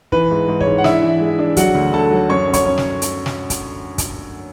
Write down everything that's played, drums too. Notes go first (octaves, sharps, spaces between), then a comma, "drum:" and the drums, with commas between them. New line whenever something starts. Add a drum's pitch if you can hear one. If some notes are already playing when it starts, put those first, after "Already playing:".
E3 B4, drum: kick
G#2
G#2
C#5, drum: kick
G#2
F#5
D4 E4 E5, drum: snare
E3
G#3
D4
F#3 F#4 F#5, drum: kick, hi-hat
D2
D2 A4 A5
F#3
F#2 C#5 C#6
C#4
C#5 C#6, drum: kick, hi-hat
C#4
drum: snare
drum: hi-hat
drum: snare
drum: kick, hi-hat
drum: kick, hi-hat